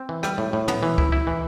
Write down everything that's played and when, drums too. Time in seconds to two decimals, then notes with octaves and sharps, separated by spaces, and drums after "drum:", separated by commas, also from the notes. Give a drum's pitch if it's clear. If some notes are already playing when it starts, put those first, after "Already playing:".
Already playing: C4
0.09 E3
0.23 G3, drum: rim click
0.38 A2
0.53 A2
0.68 B3, drum: tom
0.83 E3
0.98 E4, drum: kick C#2
1.12 E4
1.27 E3